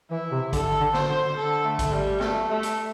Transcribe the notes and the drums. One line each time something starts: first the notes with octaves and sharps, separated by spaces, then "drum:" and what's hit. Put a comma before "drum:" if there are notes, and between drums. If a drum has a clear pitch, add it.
E3 E4
C3
D3 A4, drum: kick G#1, hi-hat
D3
C5, drum: snare
D3
D3 A4
A3
drum: kick G#1, hi-hat
G3
A3, drum: snare
A3
drum: hi-hat